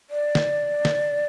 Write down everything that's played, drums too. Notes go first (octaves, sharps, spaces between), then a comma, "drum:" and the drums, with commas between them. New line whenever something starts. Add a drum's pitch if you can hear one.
D5
drum: snare
drum: snare